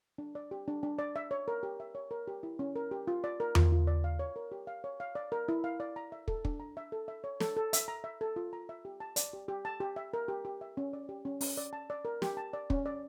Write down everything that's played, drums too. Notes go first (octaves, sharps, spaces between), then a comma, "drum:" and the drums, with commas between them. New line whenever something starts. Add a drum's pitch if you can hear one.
D4
D5
G4
D4
D4
D5
E5
C#5
A#4
G4
E5
C#5
A#4
G4
E4
C#4
A#4
G4
F4
D5
A#4
F4, drum: tom E2
F4
D5
F5
C#5
A#4
G4
F5
C#5
F5
D5
A#4
E4
F5
D5
A#5
E5
A4, drum: kick
D4, drum: kick
A#5
E5
A4
E5
C#5
A4, drum: snare
A4
E5, drum: hi-hat
A#5
E5
A4
F4
A#5
E5
G4
A5
D5, drum: hi-hat
G4
G4
A5
G4
E5
A#4
G4
G4
E5
C#4
D5
G4
C#4
C#4, drum: open hi-hat
D5
A5
D5
A#4
G4, drum: snare
A5
D5
C#4, drum: kick
D5